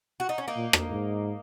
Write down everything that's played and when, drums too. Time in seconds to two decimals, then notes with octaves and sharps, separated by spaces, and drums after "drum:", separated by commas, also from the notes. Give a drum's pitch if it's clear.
0.20 F#4
0.29 D#4
0.38 C#4
0.48 A#3 D#4
0.56 A#2
0.73 drum: rim click
0.91 G#2